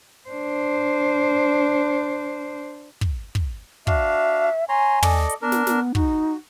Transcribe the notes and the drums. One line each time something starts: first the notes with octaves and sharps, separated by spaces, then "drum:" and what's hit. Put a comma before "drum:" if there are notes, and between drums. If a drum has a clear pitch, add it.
D4 C5
drum: kick
drum: kick
D4 F#4 E5 F5, drum: kick
C#5 G#5 A#5 C6
A4 D5 D#5, drum: tom
drum: hi-hat
B3 D4 A#4
drum: snare
B3, drum: snare
D#4 F#4, drum: kick